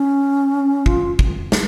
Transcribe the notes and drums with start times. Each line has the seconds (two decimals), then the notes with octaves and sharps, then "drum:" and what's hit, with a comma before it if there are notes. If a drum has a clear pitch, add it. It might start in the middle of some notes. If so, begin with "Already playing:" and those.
Already playing: C#4
0.86 F4, drum: kick
1.19 drum: kick
1.52 drum: snare